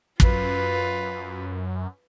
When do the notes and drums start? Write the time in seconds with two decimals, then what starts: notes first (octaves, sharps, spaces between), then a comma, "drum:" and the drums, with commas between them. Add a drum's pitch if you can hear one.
0.20 F#2 F4 B4, drum: kick